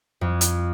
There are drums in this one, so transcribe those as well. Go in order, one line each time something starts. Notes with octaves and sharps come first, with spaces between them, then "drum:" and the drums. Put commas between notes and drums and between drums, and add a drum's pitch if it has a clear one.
F2
drum: hi-hat